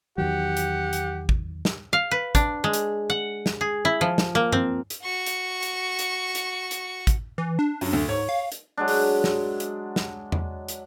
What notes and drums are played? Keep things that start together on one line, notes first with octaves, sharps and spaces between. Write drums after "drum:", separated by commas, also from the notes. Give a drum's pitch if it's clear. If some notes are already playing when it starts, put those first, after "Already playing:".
E2 D#3 F#3 G4 F#5
drum: hi-hat
drum: hi-hat
drum: kick
drum: snare
F5
B4
D4, drum: kick, hi-hat
G#3
drum: hi-hat
F#5
drum: snare
G#4
E4
F3
drum: snare
A#3
C4, drum: tom G2
drum: hi-hat
F#4 C#6
drum: hi-hat
drum: hi-hat
drum: hi-hat
drum: hi-hat
drum: hi-hat
drum: kick, hi-hat
E3
D4
F#2 F#3, drum: open hi-hat
D2
G#2 C#5
F5
drum: hi-hat
F#3 G#3 D4
drum: open hi-hat
drum: snare
drum: hi-hat
drum: snare
drum: tom E2
drum: hi-hat